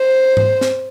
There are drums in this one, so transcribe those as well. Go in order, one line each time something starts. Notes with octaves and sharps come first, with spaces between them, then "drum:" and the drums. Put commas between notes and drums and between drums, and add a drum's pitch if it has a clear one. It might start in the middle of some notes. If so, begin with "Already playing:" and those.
Already playing: C5
drum: tom G#2
drum: snare